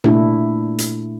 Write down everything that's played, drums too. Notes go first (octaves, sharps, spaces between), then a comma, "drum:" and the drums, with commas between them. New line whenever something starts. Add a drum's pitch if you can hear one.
A#2 A3 D4 E4, drum: tom C3
drum: hi-hat